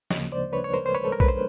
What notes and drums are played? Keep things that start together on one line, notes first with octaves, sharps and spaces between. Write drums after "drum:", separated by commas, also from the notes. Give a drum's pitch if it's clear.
D2 C#3 F3 A#3 C#5 D#5, drum: snare
C5 D5
B4 C#5
C#5
A#4 C5
C5
B4 C#5
A4
A#4
B4, drum: kick B1
C5